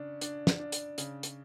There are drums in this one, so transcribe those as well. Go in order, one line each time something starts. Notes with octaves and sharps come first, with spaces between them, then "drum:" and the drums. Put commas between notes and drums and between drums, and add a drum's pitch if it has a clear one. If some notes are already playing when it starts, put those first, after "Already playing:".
Already playing: C#3 D4
D4, drum: hi-hat
drum: snare
D4
drum: hi-hat
C#3, drum: hi-hat
drum: hi-hat